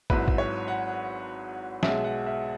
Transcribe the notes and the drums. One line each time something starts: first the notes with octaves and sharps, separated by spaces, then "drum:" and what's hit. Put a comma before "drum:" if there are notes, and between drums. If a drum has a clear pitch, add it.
G#1 G#2 F#3 E4 B4, drum: kick
drum: kick
C#5
F#5
B1 B2 G#3 E5, drum: snare
F#5
E5